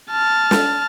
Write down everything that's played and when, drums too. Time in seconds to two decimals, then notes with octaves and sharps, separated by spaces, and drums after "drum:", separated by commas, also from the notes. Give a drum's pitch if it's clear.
0.11 A5 F6
0.51 drum: snare